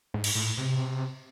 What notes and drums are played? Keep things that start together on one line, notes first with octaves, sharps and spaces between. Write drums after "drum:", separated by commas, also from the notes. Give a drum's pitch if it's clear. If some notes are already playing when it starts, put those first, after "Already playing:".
G#2
drum: cymbal
A2
C3